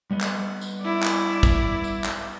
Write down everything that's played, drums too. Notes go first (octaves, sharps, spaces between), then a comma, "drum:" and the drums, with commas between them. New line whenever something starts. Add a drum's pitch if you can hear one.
G3 B3 D#5
drum: clap
drum: tambourine
E4 D5
drum: clap
drum: kick, tambourine
drum: tambourine
drum: clap